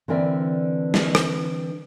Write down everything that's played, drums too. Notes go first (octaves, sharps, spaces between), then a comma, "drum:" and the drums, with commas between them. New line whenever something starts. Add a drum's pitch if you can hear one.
D3 E3 C4 A#4 D5 E5
drum: snare
drum: rim click